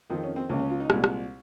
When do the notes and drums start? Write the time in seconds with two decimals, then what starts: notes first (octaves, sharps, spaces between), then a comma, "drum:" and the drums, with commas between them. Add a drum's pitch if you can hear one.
0.10 F2 D#3 C4
0.24 C#4
0.36 C4
0.49 C#2 C#3 A#3
0.60 C#4
0.70 F4
0.80 D#4
0.90 C2 A#2 G#3, drum: rim click
1.04 drum: rim click